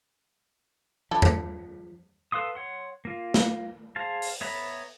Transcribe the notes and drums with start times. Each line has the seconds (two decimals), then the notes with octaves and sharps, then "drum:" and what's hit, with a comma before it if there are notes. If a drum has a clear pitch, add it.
1.11 F3 D4 E4 A4
1.22 drum: tom E2
2.32 A4 B4 F5 C6 D#6
2.55 C#5 F#5 C6
3.05 A#3 F4
3.34 drum: snare
3.96 G#4 C5 F5 A5
4.22 drum: open hi-hat
4.41 B3 C#5 E5 A#5 B5